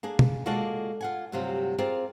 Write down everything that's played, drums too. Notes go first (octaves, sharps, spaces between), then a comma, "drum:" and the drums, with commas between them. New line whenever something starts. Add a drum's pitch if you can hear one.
A#3 D4 G#4
drum: tom B2
G#3 A#3 F4 F#4 A4 D5
F4 F#5 G#5
D2 G2 C3 F#3 F4 G4
C4 F4 G#4 A#4 D5